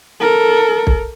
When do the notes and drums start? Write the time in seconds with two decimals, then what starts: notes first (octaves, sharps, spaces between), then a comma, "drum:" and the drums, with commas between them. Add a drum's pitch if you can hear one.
0.21 A4 A#4
0.87 drum: kick